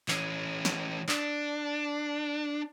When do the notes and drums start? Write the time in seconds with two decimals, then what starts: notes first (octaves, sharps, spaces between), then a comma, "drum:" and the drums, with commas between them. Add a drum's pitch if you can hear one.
0.08 E3 C#4, drum: clap
0.65 drum: snare
1.09 D4, drum: clap